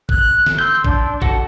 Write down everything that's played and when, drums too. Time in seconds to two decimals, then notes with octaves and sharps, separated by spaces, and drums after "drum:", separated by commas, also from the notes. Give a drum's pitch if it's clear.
0.09 F#6, drum: kick
0.46 drum: snare
0.59 C6 E6 G6
0.85 D4, drum: kick
1.22 F#4 A4 F#5 A5, drum: kick